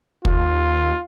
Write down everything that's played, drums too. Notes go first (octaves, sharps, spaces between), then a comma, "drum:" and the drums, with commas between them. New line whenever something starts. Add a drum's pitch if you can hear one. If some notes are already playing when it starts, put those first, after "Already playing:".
D#2 F4, drum: kick